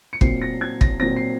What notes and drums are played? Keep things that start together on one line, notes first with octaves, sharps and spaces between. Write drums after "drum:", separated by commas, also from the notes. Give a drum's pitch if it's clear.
C#7
A#2 F#3 C4 C7, drum: kick
A#6
G#6
A#6, drum: kick
A#2 F#3 C4 A#6
C7